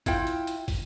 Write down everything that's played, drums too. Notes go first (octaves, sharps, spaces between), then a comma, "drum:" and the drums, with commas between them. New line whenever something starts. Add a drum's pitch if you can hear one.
E4 F4 G5, drum: kick, hi-hat
drum: hi-hat
drum: hi-hat
drum: kick, open hi-hat